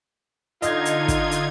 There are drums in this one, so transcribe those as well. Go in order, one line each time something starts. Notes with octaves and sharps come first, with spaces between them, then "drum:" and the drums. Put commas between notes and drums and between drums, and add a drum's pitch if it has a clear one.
D3 D#4 F4 D#5 G#6, drum: hi-hat
drum: hi-hat
drum: kick, hi-hat
drum: hi-hat